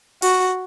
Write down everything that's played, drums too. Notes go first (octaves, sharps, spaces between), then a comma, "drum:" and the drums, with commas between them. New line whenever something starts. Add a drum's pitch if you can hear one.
F#4, drum: open hi-hat